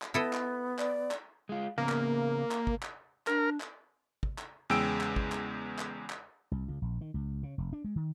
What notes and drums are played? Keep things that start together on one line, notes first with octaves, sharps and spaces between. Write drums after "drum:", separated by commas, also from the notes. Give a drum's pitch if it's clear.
drum: clap
B3 E4 A4 D#5
drum: clap
D5, drum: clap
drum: clap
G#3 F4
C#3 A#3 B3
drum: clap
drum: clap
drum: kick
drum: clap
D4 A#4, drum: clap
drum: clap
drum: kick
drum: clap
E2 C#3 G#3 G5 E6 D7
drum: clap
drum: kick
drum: clap
drum: clap
drum: clap
C2
C#2
A#1
D#3
C#2
C#3
F1
D4
G#3
D#3